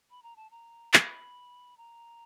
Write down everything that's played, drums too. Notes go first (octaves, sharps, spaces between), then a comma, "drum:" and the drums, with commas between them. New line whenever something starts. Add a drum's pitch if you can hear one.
B5
A#5
A5
A#5
B5, drum: clap
A#5